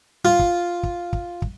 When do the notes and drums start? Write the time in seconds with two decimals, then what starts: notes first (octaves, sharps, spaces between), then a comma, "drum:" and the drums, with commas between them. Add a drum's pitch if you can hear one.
0.25 F4
0.39 drum: kick
0.83 drum: kick
1.13 drum: kick
1.42 drum: kick